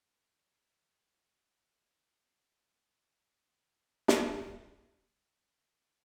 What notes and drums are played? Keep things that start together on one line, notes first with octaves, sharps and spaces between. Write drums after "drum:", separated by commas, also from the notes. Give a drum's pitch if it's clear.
B4
G#3
A3
B2
G3
A4
G#1 G#5 F6
drum: snare